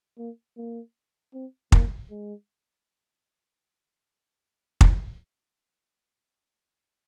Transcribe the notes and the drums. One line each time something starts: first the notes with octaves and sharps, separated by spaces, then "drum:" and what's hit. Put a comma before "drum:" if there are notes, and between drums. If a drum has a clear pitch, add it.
A#3
A#3
C4
A#3, drum: kick
G#3
drum: kick